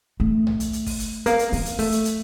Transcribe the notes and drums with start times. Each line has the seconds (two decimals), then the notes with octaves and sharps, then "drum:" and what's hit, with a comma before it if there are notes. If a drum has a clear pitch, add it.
0.20 A3
0.47 drum: tom B1
0.60 drum: hi-hat
0.73 drum: hi-hat
0.86 drum: kick, open hi-hat
1.00 drum: hi-hat
1.26 A#3, drum: hi-hat
1.39 drum: hi-hat
1.53 A#3, drum: open hi-hat
1.66 drum: hi-hat
1.79 A3, drum: open hi-hat
1.92 drum: hi-hat
2.05 drum: hi-hat